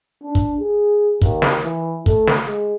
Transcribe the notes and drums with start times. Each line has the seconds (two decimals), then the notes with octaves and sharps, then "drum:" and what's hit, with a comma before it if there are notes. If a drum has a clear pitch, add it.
0.23 D4
0.35 drum: kick
0.59 G#4
1.22 D#2, drum: kick
1.42 drum: snare
1.63 E3
2.06 A3, drum: kick
2.27 drum: snare
2.46 G#3